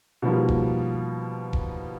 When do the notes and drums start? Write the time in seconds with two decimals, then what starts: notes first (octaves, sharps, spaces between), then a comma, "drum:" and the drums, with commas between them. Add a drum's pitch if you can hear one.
0.22 B2 D#3 F3 G3 A#3
0.48 drum: kick E1
1.53 drum: kick E1